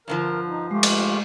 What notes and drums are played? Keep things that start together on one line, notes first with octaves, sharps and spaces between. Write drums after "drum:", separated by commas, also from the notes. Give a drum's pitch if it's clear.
G2 D3 F3 A#4
D#4
G#3 A3 F4 G4
drum: cymbal